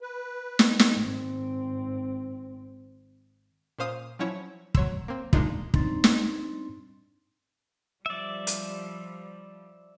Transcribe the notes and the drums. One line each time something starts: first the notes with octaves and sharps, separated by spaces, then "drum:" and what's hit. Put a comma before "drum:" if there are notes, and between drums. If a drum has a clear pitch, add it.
B4
drum: snare
drum: snare
G#1 C4
A#2 C#4 C5 F5 D#6 D#7
F3 F#3 C#4 E4 C#5
F#3 C#5 C6 E6, drum: kick
A#3 C4
G#3 A#3 D4 D#4 F4, drum: kick
G3 C4 D4 D#4 C6 A6, drum: kick
drum: snare
F3 G3 D5 E5
drum: hi-hat